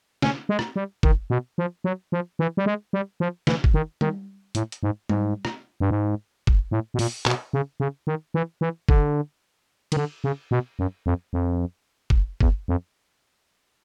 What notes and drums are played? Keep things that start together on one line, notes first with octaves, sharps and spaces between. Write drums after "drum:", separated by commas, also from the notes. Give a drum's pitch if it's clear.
C#4, drum: snare
G#3
drum: rim click
G3
D#3, drum: kick
B2
F3
F#3
F3
E3
G3
G#3
G3
F3
E3, drum: snare
drum: kick
D#3
D#3, drum: tom G3
A2, drum: hi-hat
drum: hi-hat
G#2
G#2, drum: tom G3
drum: rim click
G2
G#2
drum: kick
A2
B2
A#2, drum: open hi-hat
B2, drum: clap
C#3
C#3
D#3
E3
E3
D3, drum: kick
D#3, drum: cymbal
D3
C#3
B2
F#2
F2
F2
drum: kick
E2, drum: kick
F2